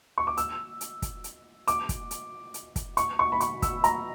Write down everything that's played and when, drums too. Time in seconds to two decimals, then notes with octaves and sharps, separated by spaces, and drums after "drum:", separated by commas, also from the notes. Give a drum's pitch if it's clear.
0.18 C#6
0.27 D6
0.37 E6, drum: hi-hat
0.81 drum: hi-hat
1.02 drum: kick, hi-hat
1.24 drum: hi-hat
1.68 D6, drum: hi-hat
1.89 drum: kick, hi-hat
2.11 drum: hi-hat
2.54 drum: hi-hat
2.76 drum: kick, hi-hat
2.97 C#6, drum: hi-hat
3.19 C#6
3.32 B5
3.40 C#6, drum: hi-hat
3.62 E6, drum: kick, hi-hat
3.84 A#5, drum: hi-hat